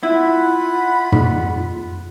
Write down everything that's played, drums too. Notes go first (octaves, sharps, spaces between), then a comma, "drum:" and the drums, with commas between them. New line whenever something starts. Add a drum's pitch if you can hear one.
E4 F4 F#5 B5
drum: tom